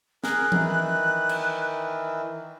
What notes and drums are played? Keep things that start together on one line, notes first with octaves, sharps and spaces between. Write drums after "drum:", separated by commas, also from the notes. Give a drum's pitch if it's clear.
G#4 A#4 F#6, drum: snare
D#3 E3, drum: tom E3
drum: cymbal